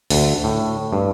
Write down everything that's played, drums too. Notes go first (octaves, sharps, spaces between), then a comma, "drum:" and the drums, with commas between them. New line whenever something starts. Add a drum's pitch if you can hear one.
D2, drum: open hi-hat
A2
G2